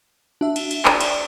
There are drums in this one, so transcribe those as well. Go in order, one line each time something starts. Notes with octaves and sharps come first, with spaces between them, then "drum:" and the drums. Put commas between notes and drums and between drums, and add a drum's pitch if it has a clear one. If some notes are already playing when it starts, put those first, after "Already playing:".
D4 F#4 E5
drum: cymbal
drum: cymbal
D5, drum: clap
drum: cymbal